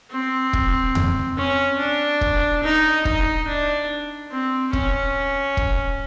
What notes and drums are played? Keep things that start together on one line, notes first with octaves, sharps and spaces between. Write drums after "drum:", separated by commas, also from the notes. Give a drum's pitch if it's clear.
C4
drum: kick
drum: tom E2
C#4
D4
drum: kick
D#4
D#4, drum: kick
D4
C4
C#4, drum: kick
drum: kick